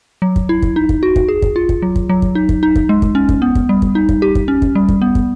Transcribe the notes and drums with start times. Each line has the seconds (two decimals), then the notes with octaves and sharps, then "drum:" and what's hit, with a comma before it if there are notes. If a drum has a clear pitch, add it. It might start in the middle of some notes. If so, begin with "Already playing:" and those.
0.22 F#3
0.36 drum: kick
0.49 E4
0.62 drum: kick
0.76 D#4
0.89 drum: kick
1.03 F#4
1.16 drum: kick
1.28 G#4
1.42 drum: kick
1.56 F4
1.69 drum: kick
1.82 F#3
1.96 drum: kick
2.09 F#3
2.22 drum: kick
2.35 D#4
2.49 drum: kick
2.63 D#4
2.75 drum: kick
2.89 G#3
3.02 drum: kick
3.15 C#4
3.29 drum: kick
3.42 B3
3.55 drum: kick
3.69 G3
3.82 drum: kick
3.95 D#4
4.09 drum: kick
4.22 G4
4.35 drum: kick
4.48 C#4
4.62 drum: kick
4.75 G3
4.89 drum: kick
5.02 B3
5.15 drum: kick